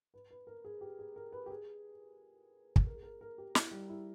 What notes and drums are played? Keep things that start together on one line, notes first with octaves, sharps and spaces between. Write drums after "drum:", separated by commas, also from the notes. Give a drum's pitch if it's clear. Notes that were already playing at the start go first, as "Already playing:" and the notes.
B4
B4
A#4
G#4
G4
G#4
A#4
B4
G4
G#4
drum: kick
A#4
G#4
A#4
A#4
G4
E4, drum: snare
G3
E4